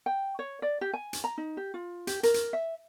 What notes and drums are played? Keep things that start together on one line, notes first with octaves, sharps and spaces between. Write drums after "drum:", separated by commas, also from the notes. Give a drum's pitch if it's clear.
G5
C#5
D5
G4
G#5
drum: hi-hat
A#5
D#4
G4
F4
G4, drum: hi-hat
A#4, drum: hi-hat
drum: hi-hat
E5